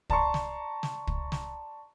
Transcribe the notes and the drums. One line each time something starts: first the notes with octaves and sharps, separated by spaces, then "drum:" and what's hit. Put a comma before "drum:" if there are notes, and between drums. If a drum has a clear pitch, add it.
D5 A5 A#5 C6 C#6, drum: kick
drum: snare
drum: snare
drum: kick
drum: snare